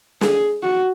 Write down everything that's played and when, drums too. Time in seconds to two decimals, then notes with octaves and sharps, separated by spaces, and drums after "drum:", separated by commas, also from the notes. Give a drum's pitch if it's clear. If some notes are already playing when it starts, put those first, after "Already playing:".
0.21 G#4, drum: snare
0.62 F#4